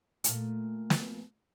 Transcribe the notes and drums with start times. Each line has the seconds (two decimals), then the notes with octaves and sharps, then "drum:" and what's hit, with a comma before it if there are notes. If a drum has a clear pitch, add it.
0.24 A#2 A3, drum: hi-hat
0.90 drum: snare